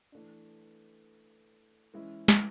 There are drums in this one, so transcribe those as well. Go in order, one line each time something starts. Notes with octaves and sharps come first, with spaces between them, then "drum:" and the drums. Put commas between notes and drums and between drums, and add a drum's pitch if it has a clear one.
E3 A3 D4
E3 G#3 C#4 E4
drum: snare